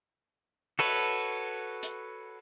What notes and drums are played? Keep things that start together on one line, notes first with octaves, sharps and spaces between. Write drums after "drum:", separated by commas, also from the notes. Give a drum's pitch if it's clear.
F#4 A4 B4 C#5, drum: cymbal
drum: hi-hat